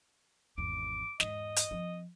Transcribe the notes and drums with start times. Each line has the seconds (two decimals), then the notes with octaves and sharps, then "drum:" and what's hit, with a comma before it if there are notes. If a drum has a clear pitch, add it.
0.58 G#1 E2 D6
1.20 E2 G#2 D#5, drum: snare
1.56 drum: hi-hat
1.71 F3 C4